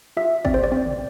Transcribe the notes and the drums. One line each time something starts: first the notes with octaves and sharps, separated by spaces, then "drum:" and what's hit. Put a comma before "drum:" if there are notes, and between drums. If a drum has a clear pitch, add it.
F4 E5
C4 D5, drum: kick
C5
D5
C4
drum: tom